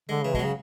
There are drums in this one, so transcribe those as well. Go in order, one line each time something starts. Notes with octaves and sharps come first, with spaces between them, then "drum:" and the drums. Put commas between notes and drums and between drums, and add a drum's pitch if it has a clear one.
D3 G#3
C#3 E3
B2 G#3, drum: kick
C#3 F#3